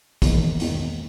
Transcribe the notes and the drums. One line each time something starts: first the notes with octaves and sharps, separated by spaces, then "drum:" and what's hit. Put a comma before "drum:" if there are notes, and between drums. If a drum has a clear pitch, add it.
E1 E2 D#3 A#3, drum: kick, hi-hat
E1 E2 D#3 A#3, drum: hi-hat